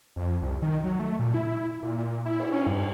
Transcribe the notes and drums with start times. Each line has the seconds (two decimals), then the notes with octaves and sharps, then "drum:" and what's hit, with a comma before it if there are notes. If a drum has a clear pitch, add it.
0.16 F2
0.42 C2
0.62 D#3
0.84 F#3
1.00 A3
1.19 A#2
1.34 E4
1.83 A#2
1.98 A#2
2.26 E4
2.40 drum: cymbal
2.52 C#4
2.67 G2